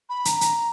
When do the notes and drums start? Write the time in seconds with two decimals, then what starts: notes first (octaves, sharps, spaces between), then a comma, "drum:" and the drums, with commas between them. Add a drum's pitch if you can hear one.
0.09 B5
0.25 A#5, drum: hi-hat
0.41 drum: hi-hat